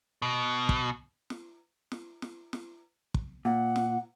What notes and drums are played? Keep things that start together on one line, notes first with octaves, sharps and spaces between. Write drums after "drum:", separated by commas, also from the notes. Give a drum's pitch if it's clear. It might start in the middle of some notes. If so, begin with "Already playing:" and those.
B2
drum: kick
drum: snare
drum: snare
drum: snare
drum: snare
drum: kick
A#2 F#5
drum: snare